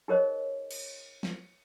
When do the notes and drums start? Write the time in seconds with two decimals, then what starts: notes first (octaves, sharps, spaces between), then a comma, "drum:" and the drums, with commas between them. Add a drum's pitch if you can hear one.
0.08 D#4 G#4 A#4 C5 C#5 D#5
0.71 drum: cymbal
1.23 drum: snare